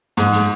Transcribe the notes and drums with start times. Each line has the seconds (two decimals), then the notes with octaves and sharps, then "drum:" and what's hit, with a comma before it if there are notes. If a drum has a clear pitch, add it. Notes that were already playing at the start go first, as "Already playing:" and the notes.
0.17 G#2, drum: hi-hat
0.33 drum: hi-hat